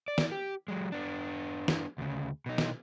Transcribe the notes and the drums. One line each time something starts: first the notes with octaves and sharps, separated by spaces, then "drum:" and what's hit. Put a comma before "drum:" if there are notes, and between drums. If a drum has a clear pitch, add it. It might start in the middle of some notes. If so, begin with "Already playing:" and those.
D5
drum: snare
G4
F#3 G#3
B3 D4
drum: snare
D2 C#3
B2 D#4
drum: snare